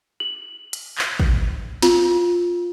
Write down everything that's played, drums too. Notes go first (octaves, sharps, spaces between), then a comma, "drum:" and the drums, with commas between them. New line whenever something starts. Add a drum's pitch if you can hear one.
F#7
drum: hi-hat
drum: clap
drum: kick
F4, drum: snare